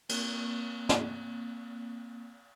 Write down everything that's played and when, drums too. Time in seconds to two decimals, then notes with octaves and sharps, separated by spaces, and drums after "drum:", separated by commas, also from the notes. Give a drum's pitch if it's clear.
0.09 A#3 C4, drum: cymbal
0.89 drum: snare